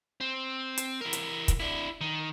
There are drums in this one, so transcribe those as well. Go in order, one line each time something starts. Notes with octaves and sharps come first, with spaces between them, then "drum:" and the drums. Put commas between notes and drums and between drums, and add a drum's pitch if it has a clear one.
C4
drum: hi-hat
E3 A#4
drum: hi-hat
drum: kick, hi-hat
D4 E4
D#3